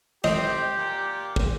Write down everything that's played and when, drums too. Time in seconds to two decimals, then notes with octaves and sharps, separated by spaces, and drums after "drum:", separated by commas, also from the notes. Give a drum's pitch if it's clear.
0.24 C4 G4 D#5, drum: snare
0.78 A#2
1.36 drum: kick